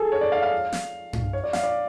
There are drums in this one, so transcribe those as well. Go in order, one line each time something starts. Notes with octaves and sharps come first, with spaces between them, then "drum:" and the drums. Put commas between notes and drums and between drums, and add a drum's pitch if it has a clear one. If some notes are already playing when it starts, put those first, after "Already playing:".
Already playing: G#4 A4
C#5
D5
F5
F5
drum: snare
drum: tom G2
C#5
D5
F5, drum: snare
D5